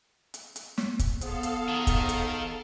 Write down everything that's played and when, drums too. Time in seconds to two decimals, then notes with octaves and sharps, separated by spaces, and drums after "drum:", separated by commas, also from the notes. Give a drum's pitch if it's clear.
0.34 drum: hi-hat
0.56 drum: hi-hat
0.78 drum: snare
0.99 drum: kick, hi-hat
1.21 F3 B3 G#4 A4 F5, drum: hi-hat
1.43 drum: hi-hat
1.69 D#3
1.87 drum: kick, hi-hat
2.09 drum: hi-hat